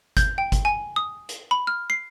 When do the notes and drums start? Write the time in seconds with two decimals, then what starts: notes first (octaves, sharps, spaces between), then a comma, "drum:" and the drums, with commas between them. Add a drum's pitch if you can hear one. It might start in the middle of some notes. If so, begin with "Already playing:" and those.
0.17 G6, drum: kick G1, hi-hat
0.38 G5
0.52 drum: kick G1, hi-hat
0.65 G#5
0.96 D#6
1.29 drum: hi-hat
1.51 B5
1.67 F6
1.90 C7